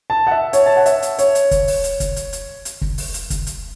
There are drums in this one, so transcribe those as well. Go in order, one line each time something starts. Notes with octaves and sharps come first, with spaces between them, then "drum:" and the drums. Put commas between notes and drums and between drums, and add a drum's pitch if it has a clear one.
A5
F#5
E5
C#5, drum: hi-hat
A5
F#5
E5, drum: hi-hat
drum: hi-hat
C#5, drum: hi-hat
drum: hi-hat
drum: kick, hi-hat
drum: open hi-hat
drum: hi-hat
drum: kick, hi-hat
drum: hi-hat
drum: hi-hat
drum: hi-hat
drum: kick
drum: open hi-hat
drum: hi-hat
drum: kick, hi-hat
drum: hi-hat